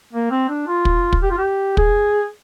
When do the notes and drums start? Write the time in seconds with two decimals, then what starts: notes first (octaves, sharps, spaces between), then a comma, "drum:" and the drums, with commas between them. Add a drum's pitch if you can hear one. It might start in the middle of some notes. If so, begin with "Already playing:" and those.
0.13 A#3
0.31 C4
0.49 D4
0.67 F4
0.85 drum: kick
1.13 drum: kick
1.22 G4
1.30 F4
1.38 G4
1.77 G#4, drum: kick